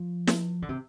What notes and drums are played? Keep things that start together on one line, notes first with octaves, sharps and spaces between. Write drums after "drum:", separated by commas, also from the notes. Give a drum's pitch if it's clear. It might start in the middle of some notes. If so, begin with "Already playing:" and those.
Already playing: F3
drum: snare
D3
C3